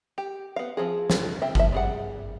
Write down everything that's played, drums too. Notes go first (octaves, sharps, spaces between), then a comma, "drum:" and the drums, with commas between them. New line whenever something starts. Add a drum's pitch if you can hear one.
G4
B3 F5
F3 C4 G#4
drum: snare
C4 E5
F3 E5, drum: kick G1
G3 G#4 F#5